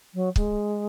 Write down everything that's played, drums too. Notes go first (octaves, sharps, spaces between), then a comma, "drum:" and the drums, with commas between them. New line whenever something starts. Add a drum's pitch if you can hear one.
F#3
G#3, drum: kick